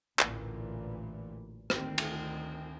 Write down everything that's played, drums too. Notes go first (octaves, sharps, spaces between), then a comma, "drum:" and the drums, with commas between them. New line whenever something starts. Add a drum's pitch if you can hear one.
A1 D2 A#2 E3, drum: clap
D2 D#3 C4, drum: rim click
drum: cymbal